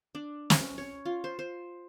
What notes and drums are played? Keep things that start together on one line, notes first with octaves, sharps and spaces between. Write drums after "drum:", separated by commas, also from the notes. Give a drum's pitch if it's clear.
D4
C#4, drum: snare
C#5
F4
C5
C5